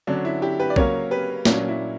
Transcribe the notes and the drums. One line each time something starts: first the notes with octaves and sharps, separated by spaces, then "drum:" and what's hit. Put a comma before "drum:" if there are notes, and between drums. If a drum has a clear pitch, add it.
D3 F#3 C#4 D4
E4
E4 G4
G4 B4
D5
C#3 F#3 A#3 C#4 A#4 C#5, drum: kick
G4 B4
A#2 F#3 A#3 C#4 D4, drum: snare
E4